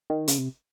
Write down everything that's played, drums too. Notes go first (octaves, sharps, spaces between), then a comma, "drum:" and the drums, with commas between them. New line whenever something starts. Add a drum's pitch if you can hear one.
D#3
C#3, drum: hi-hat
C3